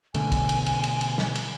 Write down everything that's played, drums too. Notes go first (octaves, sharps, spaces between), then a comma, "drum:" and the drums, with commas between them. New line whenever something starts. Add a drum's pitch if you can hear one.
B2 D3 A3 G#5, drum: cymbal
drum: kick, cymbal
drum: cymbal
drum: cymbal
drum: cymbal
drum: cymbal
drum: snare
drum: cymbal